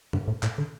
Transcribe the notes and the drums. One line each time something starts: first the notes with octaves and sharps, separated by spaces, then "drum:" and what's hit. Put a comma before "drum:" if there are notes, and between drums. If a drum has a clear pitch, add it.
G2, drum: tom C3
A2
A2, drum: clap
D3